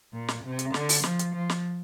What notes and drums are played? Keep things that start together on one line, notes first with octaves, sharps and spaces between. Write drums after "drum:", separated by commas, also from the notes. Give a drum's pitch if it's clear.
A#2
drum: snare
C3
drum: hi-hat
D3, drum: snare
drum: open hi-hat
F3, drum: snare
drum: hi-hat
F3
drum: snare